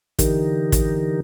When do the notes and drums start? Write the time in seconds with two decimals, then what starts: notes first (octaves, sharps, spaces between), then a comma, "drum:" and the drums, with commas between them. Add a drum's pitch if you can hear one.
0.19 D3 E3 D#4 G4 A#4, drum: kick, hi-hat
0.72 drum: kick, hi-hat